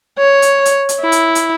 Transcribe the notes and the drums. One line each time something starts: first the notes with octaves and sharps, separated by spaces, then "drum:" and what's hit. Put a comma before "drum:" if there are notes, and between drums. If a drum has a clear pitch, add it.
C#5
drum: hi-hat
drum: hi-hat
drum: hi-hat
E4
drum: hi-hat
drum: hi-hat